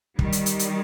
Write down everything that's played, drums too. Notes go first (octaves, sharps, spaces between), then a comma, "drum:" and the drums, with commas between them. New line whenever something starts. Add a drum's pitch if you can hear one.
D#3 G3, drum: kick
drum: hi-hat
drum: hi-hat
drum: hi-hat